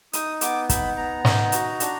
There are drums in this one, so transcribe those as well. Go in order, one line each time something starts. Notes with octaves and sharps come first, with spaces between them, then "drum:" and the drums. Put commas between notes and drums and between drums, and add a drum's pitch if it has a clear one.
D#4 D#6, drum: hi-hat
B3 D6, drum: hi-hat
D#4 B5, drum: kick, hi-hat
B3 A#5
D#4, drum: snare
F#4, drum: hi-hat
D4, drum: hi-hat